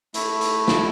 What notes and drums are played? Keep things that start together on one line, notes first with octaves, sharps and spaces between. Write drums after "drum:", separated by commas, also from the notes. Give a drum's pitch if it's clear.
A3 E4, drum: hi-hat
drum: hi-hat
drum: snare